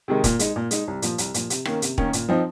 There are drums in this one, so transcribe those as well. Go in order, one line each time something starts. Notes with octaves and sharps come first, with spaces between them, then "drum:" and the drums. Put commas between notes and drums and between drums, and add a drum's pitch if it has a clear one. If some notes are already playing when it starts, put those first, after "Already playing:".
C3 D#3 G#3
A#2, drum: kick, hi-hat
G#3 D#4, drum: hi-hat
A#2
G#3 D#4, drum: hi-hat
C2
A#2 F3, drum: hi-hat
C2, drum: hi-hat
A#2 F3, drum: hi-hat
C3, drum: hi-hat
D#3 A#3 C#4, drum: rim click
C3, drum: hi-hat
D#3 A#3 C#4, drum: kick
A#2, drum: hi-hat
F3 C4 D#4